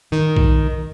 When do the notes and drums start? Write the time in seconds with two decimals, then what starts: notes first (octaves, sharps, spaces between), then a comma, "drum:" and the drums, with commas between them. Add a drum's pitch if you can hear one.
0.12 D#3 D#4
0.37 drum: kick B1